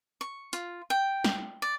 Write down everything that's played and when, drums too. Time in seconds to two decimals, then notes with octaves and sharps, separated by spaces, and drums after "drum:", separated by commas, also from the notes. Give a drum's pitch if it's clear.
0.21 C#6
0.53 F4, drum: hi-hat
0.90 G5
1.24 drum: snare
1.62 D5